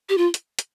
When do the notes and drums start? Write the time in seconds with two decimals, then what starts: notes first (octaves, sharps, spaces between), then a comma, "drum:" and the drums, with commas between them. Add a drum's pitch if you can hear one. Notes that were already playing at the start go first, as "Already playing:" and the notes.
0.09 G4
0.18 F4
0.34 drum: hi-hat
0.59 drum: hi-hat